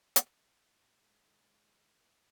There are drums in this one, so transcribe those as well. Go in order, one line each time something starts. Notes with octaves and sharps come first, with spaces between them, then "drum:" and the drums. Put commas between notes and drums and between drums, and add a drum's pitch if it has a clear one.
drum: hi-hat
D#3 G#3